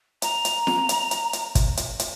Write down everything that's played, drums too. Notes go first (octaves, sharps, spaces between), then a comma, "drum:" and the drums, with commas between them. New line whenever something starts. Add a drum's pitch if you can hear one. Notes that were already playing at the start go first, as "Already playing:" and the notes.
A#5, drum: hi-hat
drum: hi-hat
drum: snare
drum: hi-hat
drum: hi-hat
drum: hi-hat
drum: kick, hi-hat
drum: hi-hat
drum: hi-hat